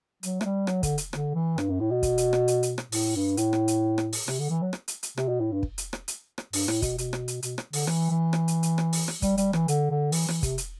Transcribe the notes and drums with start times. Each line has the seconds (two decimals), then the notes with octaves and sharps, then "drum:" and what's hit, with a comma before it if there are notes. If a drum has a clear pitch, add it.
0.23 F#3, drum: hi-hat
0.41 A3, drum: rim click
0.45 G3
0.67 F#3, drum: rim click
0.83 D3, drum: kick, hi-hat
0.98 drum: hi-hat
1.13 D3, drum: rim click
1.35 E3
1.58 G2, drum: rim click
1.70 F#2
1.80 A2
1.91 B2
2.03 drum: kick, hi-hat
2.18 drum: hi-hat
2.33 drum: rim click
2.48 drum: hi-hat
2.63 drum: hi-hat
2.78 drum: rim click
2.92 A2, drum: open hi-hat
3.16 G2
3.37 A2, drum: hi-hat
3.53 drum: rim click
3.68 drum: hi-hat
3.98 drum: rim click
4.13 drum: open hi-hat
4.28 C3, drum: rim click
4.40 D3
4.50 E3
4.62 F#3
4.73 drum: rim click
4.88 drum: hi-hat
5.03 drum: hi-hat
5.17 C3, drum: rim click
5.28 B2
5.40 A2
5.52 G2
5.63 drum: kick
5.78 drum: hi-hat
5.93 drum: rim click
6.08 drum: hi-hat
6.38 drum: rim click
6.53 G2, drum: open hi-hat
6.68 A2, drum: rim click
6.82 B2, drum: kick, hi-hat
6.98 B2, drum: hi-hat
7.13 drum: rim click
7.28 drum: hi-hat
7.43 B2, drum: hi-hat
7.58 drum: rim click
7.73 D3, drum: open hi-hat
7.87 E3, drum: rim click
8.10 E3
8.33 drum: rim click
8.48 drum: hi-hat
8.63 drum: hi-hat
8.78 drum: rim click
8.93 drum: open hi-hat
9.08 drum: rim click
9.22 G3, drum: kick, hi-hat
9.38 G3, drum: hi-hat
9.53 E3, drum: rim click
9.68 D3, drum: hi-hat
9.91 D3
10.12 E3, drum: open hi-hat
10.28 E3, drum: rim click
10.43 C3, drum: kick, hi-hat
10.58 drum: hi-hat